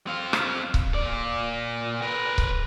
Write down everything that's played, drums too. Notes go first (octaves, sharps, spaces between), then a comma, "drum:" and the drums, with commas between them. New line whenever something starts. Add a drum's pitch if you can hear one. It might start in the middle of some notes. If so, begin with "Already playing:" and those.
C4 F5
drum: rim click
drum: kick C#1
A#2 D5
A#4 B4
drum: kick C#1